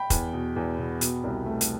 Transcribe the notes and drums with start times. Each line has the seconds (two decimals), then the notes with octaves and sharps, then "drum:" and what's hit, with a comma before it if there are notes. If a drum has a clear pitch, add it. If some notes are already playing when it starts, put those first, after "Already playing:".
Already playing: G5 B5
0.10 E2, drum: kick F1, hi-hat
0.33 B2
0.56 E2
0.78 B2
1.01 B2, drum: hi-hat
1.24 C2
1.46 A3
1.61 drum: hi-hat